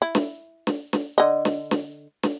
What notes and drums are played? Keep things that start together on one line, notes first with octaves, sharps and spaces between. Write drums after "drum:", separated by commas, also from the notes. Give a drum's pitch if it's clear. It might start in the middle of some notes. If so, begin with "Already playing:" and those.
E4
drum: snare
drum: snare
drum: snare
D3 D#5
drum: snare
drum: snare
drum: snare